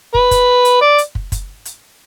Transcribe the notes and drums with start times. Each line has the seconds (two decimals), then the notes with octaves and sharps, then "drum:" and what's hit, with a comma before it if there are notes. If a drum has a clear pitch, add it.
0.14 B4, drum: kick
0.31 drum: kick, hi-hat
0.65 drum: hi-hat
0.81 D5
0.98 drum: hi-hat
1.15 drum: kick
1.32 drum: kick, hi-hat
1.65 drum: hi-hat